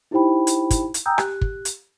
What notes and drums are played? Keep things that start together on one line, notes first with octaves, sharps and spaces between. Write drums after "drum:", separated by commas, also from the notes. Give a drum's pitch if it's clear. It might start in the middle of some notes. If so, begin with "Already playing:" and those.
D#4 E4 G4 C5 G5 B5
drum: hi-hat
drum: kick, hi-hat
drum: hi-hat
G5 G#5 A#5 D#6 E6 G6
G4 F#6, drum: rim click
drum: kick
drum: hi-hat